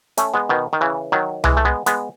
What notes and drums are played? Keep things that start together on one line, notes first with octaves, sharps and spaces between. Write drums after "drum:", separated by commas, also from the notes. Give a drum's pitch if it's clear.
A3 C#4, drum: hi-hat
G#3 B3
B2 D#3
D#3
C#3 E3
D#3 F#3
E3 G#3, drum: tom C2
A3
G#3 B3
G#3 B3, drum: hi-hat